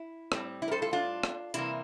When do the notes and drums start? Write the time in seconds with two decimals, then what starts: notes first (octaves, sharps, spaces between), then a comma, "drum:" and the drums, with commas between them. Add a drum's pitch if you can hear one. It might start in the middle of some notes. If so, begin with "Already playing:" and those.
Already playing: E4
0.32 A2 G3 C4, drum: rim click
0.62 E4
0.68 A#4
0.72 A4 C5
0.82 F4 A4
0.93 D4 F4
1.23 drum: rim click
1.54 C3 E3 G3 A#3 E4, drum: hi-hat